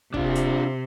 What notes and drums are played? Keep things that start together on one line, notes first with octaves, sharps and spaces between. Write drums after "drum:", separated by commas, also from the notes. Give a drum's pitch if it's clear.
C3 D4 F4, drum: kick
drum: hi-hat